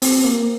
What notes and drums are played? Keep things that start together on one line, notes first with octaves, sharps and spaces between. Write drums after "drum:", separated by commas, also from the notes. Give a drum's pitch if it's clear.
C4, drum: open hi-hat
A#3